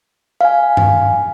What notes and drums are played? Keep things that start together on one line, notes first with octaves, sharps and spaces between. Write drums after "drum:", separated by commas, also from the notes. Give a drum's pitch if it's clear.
F5 G#5
drum: tom G2